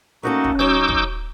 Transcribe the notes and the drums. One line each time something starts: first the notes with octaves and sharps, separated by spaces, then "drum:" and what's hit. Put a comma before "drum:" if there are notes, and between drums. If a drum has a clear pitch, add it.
A3 A#3 C#4 D#4 F#4 A4
drum: kick
F#3 D#4 C#5 D6 E6 G6
drum: kick